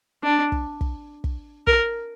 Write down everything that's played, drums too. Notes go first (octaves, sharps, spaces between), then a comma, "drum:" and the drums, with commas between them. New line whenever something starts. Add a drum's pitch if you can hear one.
D4
drum: kick
drum: kick
drum: kick
A#4, drum: kick